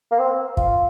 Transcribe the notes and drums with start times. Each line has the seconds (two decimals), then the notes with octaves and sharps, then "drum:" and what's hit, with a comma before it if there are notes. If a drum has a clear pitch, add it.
0.11 A#3
0.19 C4
0.57 F4, drum: kick